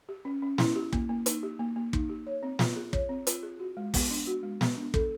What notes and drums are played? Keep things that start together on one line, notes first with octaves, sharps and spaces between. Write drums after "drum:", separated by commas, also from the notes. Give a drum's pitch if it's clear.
G4
C#4
C#4
E4, drum: snare
G4
A#3, drum: kick
A#3
D#4, drum: hi-hat
G4
A#3
A#3
D#4, drum: kick
G4
C#5
C4
F4, drum: snare
G#4
C#5, drum: kick
C4
F4, drum: hi-hat
G#4
F#4
G#3
B3, drum: kick, open hi-hat
D4
F#4
G#3
B3, drum: snare
D4
A4, drum: kick